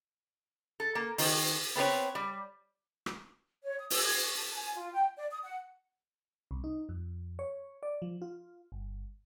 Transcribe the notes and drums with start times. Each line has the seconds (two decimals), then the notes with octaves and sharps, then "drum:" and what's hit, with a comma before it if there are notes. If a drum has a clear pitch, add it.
0.80 A4
0.95 A#3
1.18 D#3, drum: open hi-hat
1.76 B3 C4 B4 C#5
2.15 G3
3.06 drum: rim click
3.63 C#5
3.79 D#6
3.90 E6, drum: open hi-hat
4.05 G#6
4.22 C#6
4.37 A5
4.55 G#5
4.75 F4
4.93 G5
5.16 D5
5.30 D#6
5.42 F#5
6.51 C2
6.64 D#4
6.89 F2
7.39 C#5
7.83 D5
8.02 F3
8.22 F4
8.72 G1